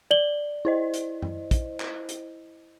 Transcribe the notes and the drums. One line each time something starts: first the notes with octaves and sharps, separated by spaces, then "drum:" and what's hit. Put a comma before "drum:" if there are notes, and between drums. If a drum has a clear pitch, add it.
D5 F#7 G7
E4 C5 D#5
drum: hi-hat
drum: tom F#2
drum: kick, hi-hat
drum: clap
drum: hi-hat